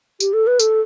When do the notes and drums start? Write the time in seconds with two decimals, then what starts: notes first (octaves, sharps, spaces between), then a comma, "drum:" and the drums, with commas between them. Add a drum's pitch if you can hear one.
0.20 G4, drum: tambourine
0.33 A4
0.47 B4
0.60 A4, drum: tambourine